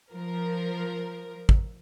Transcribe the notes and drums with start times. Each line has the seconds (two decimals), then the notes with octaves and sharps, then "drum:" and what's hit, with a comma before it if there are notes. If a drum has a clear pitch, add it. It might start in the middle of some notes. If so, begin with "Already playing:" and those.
0.13 F3 A#4
1.49 drum: kick